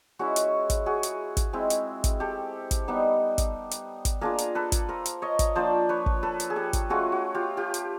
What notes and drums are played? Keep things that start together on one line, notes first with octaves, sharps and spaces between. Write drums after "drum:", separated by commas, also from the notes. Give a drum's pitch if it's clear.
G#3 C#4 E4 F#4
drum: hi-hat
drum: kick, hi-hat
F#4 G#4
drum: hi-hat
drum: kick, hi-hat
G#3 C4 E4
drum: hi-hat
drum: kick, hi-hat
G4 A4
drum: kick, hi-hat
G3 B3 D#4
drum: kick, hi-hat
drum: hi-hat
drum: kick, hi-hat
A#3 D4 F4 G#4 A#4
drum: hi-hat
A4 B4
drum: kick, hi-hat
A#4 C5
drum: hi-hat
C#5 D#5
drum: kick, hi-hat
F3 A#3 D4 C5 D5
B4 C#5
drum: kick
A4 B4
drum: hi-hat
G#4
G4 A4
drum: kick, hi-hat
A3 C#4 F4 F#4 G#4
F#4
F4 G4
F4 G4
drum: hi-hat